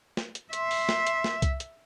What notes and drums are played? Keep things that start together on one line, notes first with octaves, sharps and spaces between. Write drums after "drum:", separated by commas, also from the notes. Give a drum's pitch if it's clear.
drum: snare
drum: hi-hat
E5 C6, drum: hi-hat
drum: open hi-hat
drum: snare
drum: hi-hat
drum: snare
drum: kick C2, hi-hat
drum: hi-hat